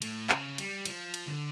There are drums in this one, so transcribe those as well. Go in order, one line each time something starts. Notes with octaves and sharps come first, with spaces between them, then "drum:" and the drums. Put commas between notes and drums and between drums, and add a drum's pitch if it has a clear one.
A2, drum: cymbal
C#3, drum: clap
G3, drum: cymbal
F3, drum: cymbal
drum: cymbal
D3